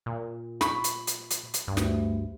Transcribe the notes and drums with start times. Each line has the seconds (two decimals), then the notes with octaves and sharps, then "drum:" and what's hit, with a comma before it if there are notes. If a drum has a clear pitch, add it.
0.06 A#2
0.61 B5 C#6, drum: snare
0.84 drum: hi-hat
1.07 drum: hi-hat
1.30 drum: hi-hat
1.54 drum: hi-hat
1.68 D2 G2
1.77 drum: snare